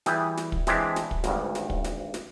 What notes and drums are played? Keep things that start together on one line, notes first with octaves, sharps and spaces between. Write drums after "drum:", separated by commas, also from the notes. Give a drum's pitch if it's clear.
E3 G3 G4 G#4, drum: snare
drum: snare
drum: kick
E3 G#3 C4 D4 E4 G4, drum: snare
drum: snare
drum: kick
G#1 D2 G2, drum: snare
drum: snare
drum: kick
drum: snare
drum: snare